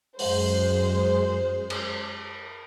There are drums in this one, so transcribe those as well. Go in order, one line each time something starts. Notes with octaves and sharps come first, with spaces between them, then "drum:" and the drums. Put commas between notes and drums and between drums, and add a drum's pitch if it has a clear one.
F#2 G#3 C5, drum: open hi-hat
drum: cymbal